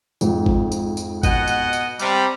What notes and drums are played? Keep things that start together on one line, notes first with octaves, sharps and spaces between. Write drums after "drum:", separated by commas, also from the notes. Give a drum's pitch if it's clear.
F2 G#2, drum: tambourine
drum: kick G#1
drum: tambourine
drum: tambourine
B2 D#5 F#5, drum: kick G#1, tambourine
drum: tambourine
drum: tambourine
C3 G3, drum: tambourine